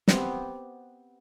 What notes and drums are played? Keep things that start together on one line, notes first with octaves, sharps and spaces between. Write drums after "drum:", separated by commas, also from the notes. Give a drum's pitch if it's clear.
B3 C4 G4, drum: snare